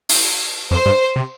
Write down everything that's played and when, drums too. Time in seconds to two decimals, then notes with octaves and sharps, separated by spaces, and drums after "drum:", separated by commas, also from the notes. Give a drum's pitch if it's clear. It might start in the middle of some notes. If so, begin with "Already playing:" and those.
0.09 drum: open hi-hat
0.71 F2 C5
0.86 G2
1.16 C3